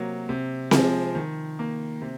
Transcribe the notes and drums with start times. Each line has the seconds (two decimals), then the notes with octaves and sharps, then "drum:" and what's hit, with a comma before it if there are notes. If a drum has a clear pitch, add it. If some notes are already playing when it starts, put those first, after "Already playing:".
Already playing: C3 F#3 A#3
0.29 C3
0.71 F3 G#3, drum: snare C4
1.15 D#3
1.59 A#3
2.02 C3